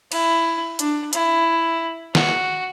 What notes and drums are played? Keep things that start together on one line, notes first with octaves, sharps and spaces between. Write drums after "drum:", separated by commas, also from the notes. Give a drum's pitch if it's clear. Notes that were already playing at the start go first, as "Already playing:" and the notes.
E4, drum: cymbal
D4, drum: hi-hat
E4, drum: hi-hat
F#4, drum: snare